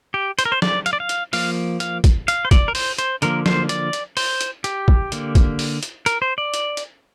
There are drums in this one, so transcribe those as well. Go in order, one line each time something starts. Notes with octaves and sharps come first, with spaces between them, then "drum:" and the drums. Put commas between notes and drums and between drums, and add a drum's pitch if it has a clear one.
G4
C5, drum: hi-hat
A#4
C5
D5, drum: snare
F5, drum: hi-hat
D5
F5
drum: hi-hat
F3 A#3 F5, drum: open hi-hat
F5, drum: hi-hat
drum: kick, hi-hat
F5, drum: hi-hat
C5
D5, drum: kick, hi-hat
A#4
C5, drum: open hi-hat
C5, drum: hi-hat
D3 F3 A#3 A#4, drum: hi-hat
C5, drum: snare
D5, drum: hi-hat
drum: hi-hat
C5, drum: open hi-hat
drum: hi-hat
G4, drum: hi-hat
drum: kick
D3 A#3, drum: hi-hat
drum: kick, hi-hat
drum: open hi-hat
drum: hi-hat
A#4, drum: hi-hat
C5
D5
drum: hi-hat
drum: hi-hat